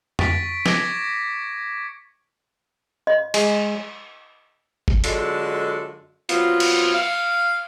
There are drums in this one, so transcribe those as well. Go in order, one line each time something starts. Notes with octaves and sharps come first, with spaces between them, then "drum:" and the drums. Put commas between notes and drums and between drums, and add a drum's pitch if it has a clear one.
C#6 A6 B6 D7, drum: tom F2
D6 G#6 A#6 B6 C#7, drum: snare
D#5
G#3, drum: cymbal
drum: kick G1
F#2 D3 G#3 F4 F#4 A4, drum: hi-hat
F#3 B3 C4 F4, drum: hi-hat
drum: cymbal
F5